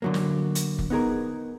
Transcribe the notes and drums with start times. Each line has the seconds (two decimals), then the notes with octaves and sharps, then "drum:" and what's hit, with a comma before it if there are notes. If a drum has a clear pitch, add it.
0.02 D3 F#3 A#3
0.14 drum: snare
0.55 drum: hi-hat
0.79 drum: kick
0.90 B3 D#4 G#4 A#4